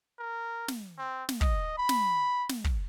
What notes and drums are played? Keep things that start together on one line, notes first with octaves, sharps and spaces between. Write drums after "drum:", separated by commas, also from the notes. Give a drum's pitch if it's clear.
A#4
drum: snare
C4
drum: snare
D#5, drum: kick
B5
drum: snare
drum: snare
drum: kick